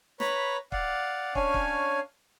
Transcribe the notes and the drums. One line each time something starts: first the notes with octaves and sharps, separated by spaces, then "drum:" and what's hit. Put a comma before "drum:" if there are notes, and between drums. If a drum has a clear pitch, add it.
B4 C#5 A#5 B5, drum: snare
D5 F5 F#5, drum: kick
C#4 D4 C#5 F5 G#5, drum: kick
drum: kick